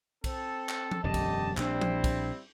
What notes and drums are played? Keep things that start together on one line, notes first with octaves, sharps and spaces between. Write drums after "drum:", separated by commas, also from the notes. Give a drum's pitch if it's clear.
C4 A4, drum: kick B1, cymbal
drum: clap
drum: tom F3
E1 F#2 D3 G4 D#5 A5
drum: kick B1, cymbal
A#1 D3 G3 C4 D4 E4, drum: clap
drum: tom F3
drum: kick B1, cymbal